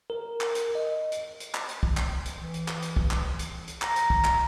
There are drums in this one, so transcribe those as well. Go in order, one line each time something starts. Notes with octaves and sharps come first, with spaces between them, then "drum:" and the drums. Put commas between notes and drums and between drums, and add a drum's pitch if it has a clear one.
A#4
drum: clap
drum: hi-hat
D#5
drum: hi-hat
drum: hi-hat
drum: clap
drum: hi-hat
drum: kick
drum: clap
drum: hi-hat
E3
drum: hi-hat
drum: clap
drum: hi-hat
drum: kick
drum: clap
drum: hi-hat
drum: hi-hat
A#5, drum: clap
drum: hi-hat
drum: kick
drum: clap